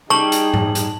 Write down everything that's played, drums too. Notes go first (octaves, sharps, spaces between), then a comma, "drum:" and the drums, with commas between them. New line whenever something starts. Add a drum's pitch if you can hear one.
G3 D#4 G#4 A5 C#6 F#7
drum: hi-hat
drum: tom G#2
drum: hi-hat